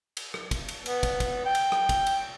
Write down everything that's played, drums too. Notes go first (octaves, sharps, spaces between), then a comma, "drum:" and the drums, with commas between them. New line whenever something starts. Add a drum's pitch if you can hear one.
drum: cymbal
drum: rim click
drum: kick, cymbal
drum: cymbal
B3, drum: cymbal
drum: kick, cymbal
drum: kick, cymbal
G5
drum: cymbal
drum: rim click
drum: kick, cymbal
drum: cymbal